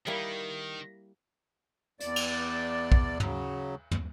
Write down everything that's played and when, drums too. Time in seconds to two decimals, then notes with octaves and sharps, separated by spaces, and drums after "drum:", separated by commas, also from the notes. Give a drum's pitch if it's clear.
0.07 D#3 G3 A#3 E4
2.00 E2 D5, drum: hi-hat
2.16 drum: cymbal
2.92 drum: kick A#1
3.20 C#3 F#3, drum: tom
3.91 drum: tom